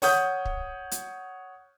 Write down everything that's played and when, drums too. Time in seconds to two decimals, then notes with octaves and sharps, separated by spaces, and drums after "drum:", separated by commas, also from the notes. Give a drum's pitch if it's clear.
0.02 C#5 F#5 D#6 G6, drum: open hi-hat
0.45 drum: kick
0.91 drum: hi-hat